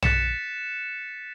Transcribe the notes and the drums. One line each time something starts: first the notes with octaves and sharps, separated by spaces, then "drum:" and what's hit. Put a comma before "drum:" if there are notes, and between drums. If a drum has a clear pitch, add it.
F#6 A6 B6 C#7 E7, drum: tom